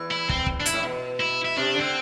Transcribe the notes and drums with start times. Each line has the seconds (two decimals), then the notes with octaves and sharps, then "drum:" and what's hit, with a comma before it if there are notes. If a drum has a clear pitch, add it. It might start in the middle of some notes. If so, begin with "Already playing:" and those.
Already playing: E2 E3
0.11 E4
0.29 C4, drum: kick
0.46 drum: kick
0.61 D4
0.66 E4, drum: hi-hat
0.73 A2
0.83 B2
1.20 E4
1.45 E4
1.56 C3 D4
1.75 D3
1.80 C4